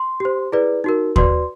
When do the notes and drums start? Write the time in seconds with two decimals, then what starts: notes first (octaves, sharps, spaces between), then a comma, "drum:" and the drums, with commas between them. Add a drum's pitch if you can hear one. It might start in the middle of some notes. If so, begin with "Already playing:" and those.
Already playing: C6
0.20 G4 C5
0.52 E4 G#4 B4 D5
0.84 D#4 F#4 A#4
1.16 F#4 B4 D5 C6, drum: kick D#2